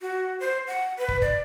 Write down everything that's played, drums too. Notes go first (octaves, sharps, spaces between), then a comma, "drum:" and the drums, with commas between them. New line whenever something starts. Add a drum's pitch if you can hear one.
F#4
C5
F#5
B4
drum: kick
D5, drum: kick